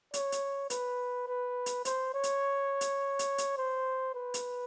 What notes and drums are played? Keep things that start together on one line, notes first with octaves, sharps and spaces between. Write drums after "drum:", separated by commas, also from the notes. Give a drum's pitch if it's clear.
C#5, drum: hi-hat
drum: hi-hat
B4, drum: hi-hat
B4
drum: hi-hat
C5, drum: hi-hat
C#5
drum: hi-hat
drum: hi-hat
drum: hi-hat
drum: hi-hat
C5
B4
drum: hi-hat